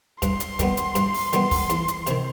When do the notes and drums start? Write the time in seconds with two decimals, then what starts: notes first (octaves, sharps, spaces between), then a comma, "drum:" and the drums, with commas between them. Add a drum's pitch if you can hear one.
0.22 G2 C6, drum: kick, hi-hat
0.40 drum: hi-hat
0.59 D#3 G3 B3, drum: kick, hi-hat
0.77 drum: hi-hat
0.95 G2, drum: hi-hat
1.14 drum: open hi-hat
1.33 D#3 G3 B3, drum: hi-hat
1.51 drum: kick, open hi-hat
1.70 E2, drum: hi-hat
1.88 drum: hi-hat
2.07 C3 D#3, drum: hi-hat